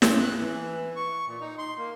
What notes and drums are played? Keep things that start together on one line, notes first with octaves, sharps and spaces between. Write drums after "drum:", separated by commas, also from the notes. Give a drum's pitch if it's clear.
A2, drum: snare
F#6
E3
C#6
A#2
D#4
C6
A#3